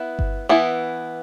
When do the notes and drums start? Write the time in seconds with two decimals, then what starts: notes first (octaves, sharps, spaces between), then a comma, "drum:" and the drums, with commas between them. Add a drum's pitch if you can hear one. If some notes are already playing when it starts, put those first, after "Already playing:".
Already playing: B3 E4
0.19 drum: kick G1
0.49 E3 B3 E4